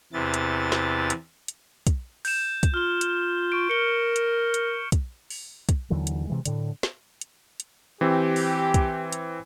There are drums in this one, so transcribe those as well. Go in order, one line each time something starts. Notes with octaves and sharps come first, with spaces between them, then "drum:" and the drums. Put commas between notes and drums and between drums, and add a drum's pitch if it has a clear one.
E2 C3 E3 A6
drum: hi-hat
drum: snare
drum: hi-hat
drum: hi-hat
drum: kick, hi-hat
G6 E7, drum: open hi-hat
drum: kick, hi-hat
F4 F6 G7
drum: hi-hat
C#6 D7
A#4 C#7 G7
drum: hi-hat
drum: hi-hat
drum: kick, hi-hat
drum: open hi-hat
drum: kick, hi-hat
D#2 D3 E3 F#3
drum: hi-hat
C3 E3 G#3
A2 D3, drum: hi-hat
drum: snare
drum: hi-hat
drum: hi-hat
E3 C4 G4
drum: open hi-hat
drum: kick, hi-hat
drum: hi-hat